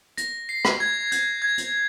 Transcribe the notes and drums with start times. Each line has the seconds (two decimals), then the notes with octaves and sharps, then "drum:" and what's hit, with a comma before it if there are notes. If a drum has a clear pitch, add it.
0.18 A#6, drum: hi-hat
0.49 C7
0.65 drum: rim click
0.80 G#6
1.12 G6, drum: hi-hat
1.42 G#6
1.58 drum: hi-hat